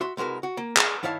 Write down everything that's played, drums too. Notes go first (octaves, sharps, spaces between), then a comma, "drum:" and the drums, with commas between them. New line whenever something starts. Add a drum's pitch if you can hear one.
F#4 E5 C6
C2 G#3 F#4 A#4 B4
F#4
A#3
G#4, drum: clap
G2 D#3 E4 C#5 F5 A5